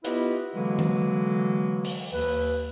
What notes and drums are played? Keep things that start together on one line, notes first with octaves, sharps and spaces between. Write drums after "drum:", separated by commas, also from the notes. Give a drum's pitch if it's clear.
B3 E4 F4 G4 B4 D#5, drum: hi-hat
D3 E3 F#3 G#3 A#3 F#4
drum: tom D#3
drum: open hi-hat
D#2 B4